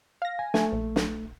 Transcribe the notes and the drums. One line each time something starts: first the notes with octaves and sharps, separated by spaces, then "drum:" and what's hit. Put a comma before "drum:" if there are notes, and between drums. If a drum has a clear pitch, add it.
F5 A#6
G#5
A3 G#5, drum: snare
A#1
drum: snare